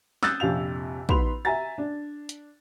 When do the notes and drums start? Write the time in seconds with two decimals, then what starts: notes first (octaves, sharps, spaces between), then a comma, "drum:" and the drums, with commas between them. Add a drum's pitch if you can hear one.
0.23 D#6 E6 F#6 G6 A6, drum: snare
0.40 A#1 F2 C3 F5 F7
1.09 B3 D#4 B4 B5 C6 F7, drum: kick
1.45 E5 G#5 A#5 A6
1.78 D4
2.29 drum: hi-hat